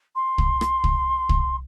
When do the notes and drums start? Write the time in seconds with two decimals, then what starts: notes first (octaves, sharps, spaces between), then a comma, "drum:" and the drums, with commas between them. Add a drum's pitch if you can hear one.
0.16 C6
0.38 drum: kick
0.61 drum: rim click
0.84 drum: kick
1.29 drum: kick